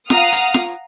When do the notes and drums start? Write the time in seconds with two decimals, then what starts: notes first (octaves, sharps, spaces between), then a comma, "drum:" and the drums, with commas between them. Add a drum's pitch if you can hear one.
0.10 F5 F#5 A#5 D#6 F6, drum: snare F4
0.32 drum: hi-hat
0.54 drum: snare F4